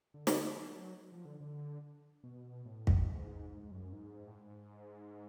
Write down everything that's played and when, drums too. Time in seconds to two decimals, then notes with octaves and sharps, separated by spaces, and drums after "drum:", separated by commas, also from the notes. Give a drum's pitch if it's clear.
0.14 D3
0.27 drum: snare
0.56 F#3
1.12 F3
1.25 D3
1.40 D3
2.23 B2
2.65 A2
2.87 B2, drum: kick
3.00 F#2
3.08 G#2
3.50 G#2
3.63 G#2
3.71 F#2
3.93 G#2
4.27 A2
4.34 G#2